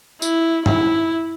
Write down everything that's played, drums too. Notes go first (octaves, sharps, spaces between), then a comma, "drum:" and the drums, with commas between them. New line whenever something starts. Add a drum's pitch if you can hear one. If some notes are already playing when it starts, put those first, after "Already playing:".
E4, drum: tambourine
E4, drum: tom G2